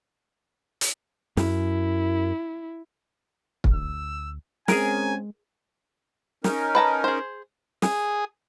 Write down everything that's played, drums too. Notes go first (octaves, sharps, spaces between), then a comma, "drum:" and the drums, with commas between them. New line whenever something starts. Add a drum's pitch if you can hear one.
drum: hi-hat
F#2 E4, drum: snare
drum: kick
D2 E6
G#3 C4 C#4 G#4 A#4 G#5, drum: snare
C#4 D#4 A#4, drum: snare
B4 A5 A#5
G#4 C5
G#4, drum: snare